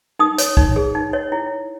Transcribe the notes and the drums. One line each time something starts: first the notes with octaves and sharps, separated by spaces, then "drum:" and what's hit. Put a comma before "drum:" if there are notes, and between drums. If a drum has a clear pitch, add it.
D#4 D#6
C#5, drum: hi-hat
D#4, drum: kick
G#4
D#4
C#5
E4